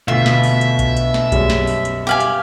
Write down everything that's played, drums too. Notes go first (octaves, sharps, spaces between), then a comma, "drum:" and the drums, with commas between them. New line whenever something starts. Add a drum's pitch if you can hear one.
D2 B2 F4 E5 B6
drum: snare
drum: open hi-hat
drum: hi-hat
drum: kick B1, hi-hat
drum: hi-hat
drum: snare
F#2 G3 G#4, drum: kick B1, hi-hat
drum: snare
drum: open hi-hat
drum: hi-hat
G4 F5 G5 G#5 F#7
drum: hi-hat